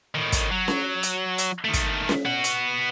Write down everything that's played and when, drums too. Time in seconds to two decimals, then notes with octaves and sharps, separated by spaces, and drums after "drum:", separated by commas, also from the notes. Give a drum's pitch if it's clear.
0.15 A2 D#3
0.32 drum: kick, hi-hat
0.51 F#3
0.68 drum: snare C#4
1.03 drum: hi-hat
1.38 drum: hi-hat
1.64 D#3 A3
1.74 drum: kick, hi-hat
2.09 drum: snare C#4
2.25 B3 F#4
2.44 drum: hi-hat